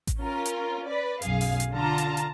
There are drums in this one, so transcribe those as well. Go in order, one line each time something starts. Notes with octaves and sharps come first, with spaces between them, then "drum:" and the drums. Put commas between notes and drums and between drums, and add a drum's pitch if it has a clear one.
drum: kick A1, hi-hat
C#4 F4 A#4
drum: hi-hat
B4 D5
B1 F#2 G#4 F5, drum: hi-hat
drum: open hi-hat
drum: hi-hat
D3 F4 A5 A#5
drum: hi-hat
drum: hi-hat